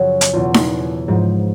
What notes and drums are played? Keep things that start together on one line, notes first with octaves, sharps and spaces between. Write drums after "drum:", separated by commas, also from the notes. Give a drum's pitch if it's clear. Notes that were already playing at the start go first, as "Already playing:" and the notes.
Already playing: F#2 C#3 F3 F#4
drum: hi-hat
E2 B2 F4
drum: snare D#4
G#2 F3